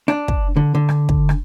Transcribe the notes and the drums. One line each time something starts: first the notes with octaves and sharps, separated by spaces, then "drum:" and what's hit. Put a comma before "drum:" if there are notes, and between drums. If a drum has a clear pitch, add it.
D4, drum: rim click
drum: kick
D3
D3
drum: rim click
drum: kick
drum: rim click